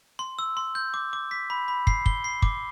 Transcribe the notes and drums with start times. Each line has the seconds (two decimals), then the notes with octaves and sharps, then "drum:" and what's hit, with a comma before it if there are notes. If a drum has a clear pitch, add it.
0.19 C6
0.39 E6
0.57 C6
0.75 G6
0.94 D6
1.13 D6
1.31 B6
1.50 B5
1.68 B5
1.87 C7, drum: kick
2.06 G7, drum: kick
2.24 C7
2.42 D6, drum: kick